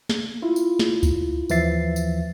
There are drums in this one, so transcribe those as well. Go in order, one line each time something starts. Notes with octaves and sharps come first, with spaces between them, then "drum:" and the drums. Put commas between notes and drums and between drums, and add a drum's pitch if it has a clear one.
drum: snare
E4 F4
drum: tambourine
drum: snare
drum: kick C#2, tambourine
D#2 E3 F3 E5 A6 C7, drum: tambourine
drum: tambourine